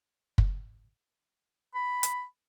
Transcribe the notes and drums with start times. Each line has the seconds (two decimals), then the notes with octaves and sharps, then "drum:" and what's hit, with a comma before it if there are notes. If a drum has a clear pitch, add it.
0.38 drum: kick
1.75 B5
2.03 drum: hi-hat